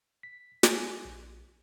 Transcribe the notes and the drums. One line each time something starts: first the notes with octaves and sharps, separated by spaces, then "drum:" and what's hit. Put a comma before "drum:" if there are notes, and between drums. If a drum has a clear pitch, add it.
B6
G#5, drum: snare
A#1